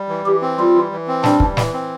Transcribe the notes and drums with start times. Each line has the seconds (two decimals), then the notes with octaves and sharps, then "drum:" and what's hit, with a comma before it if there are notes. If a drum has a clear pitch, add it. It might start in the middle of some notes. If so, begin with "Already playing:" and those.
Already playing: G3
0.09 E3
0.26 E3 G4
0.42 C4
0.58 G3 F4
0.75 E3
0.92 E3
1.08 C4
1.24 G3 D4, drum: snare
1.40 E3, drum: kick
1.57 E3, drum: snare
1.74 C4